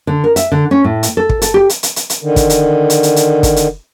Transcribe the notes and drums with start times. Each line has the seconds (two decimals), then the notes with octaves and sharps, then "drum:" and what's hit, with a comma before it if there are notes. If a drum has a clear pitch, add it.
0.07 D3
0.24 A#4
0.36 E5, drum: hi-hat
0.52 D3
0.71 C#4
0.84 A2
1.03 drum: hi-hat
1.17 A4
1.29 drum: kick
1.42 A4, drum: hi-hat
1.54 G4
1.69 drum: hi-hat
1.83 drum: hi-hat
1.96 drum: hi-hat
2.10 drum: hi-hat
2.21 D3 D#3
2.36 drum: kick, hi-hat
2.50 drum: hi-hat
2.90 drum: hi-hat
3.03 drum: hi-hat
3.16 drum: hi-hat
3.43 drum: kick, hi-hat
3.56 drum: hi-hat